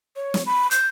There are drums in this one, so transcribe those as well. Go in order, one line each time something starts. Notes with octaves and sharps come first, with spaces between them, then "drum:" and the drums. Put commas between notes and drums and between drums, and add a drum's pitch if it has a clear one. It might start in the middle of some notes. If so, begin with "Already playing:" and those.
C#5
drum: snare
B5
G6, drum: hi-hat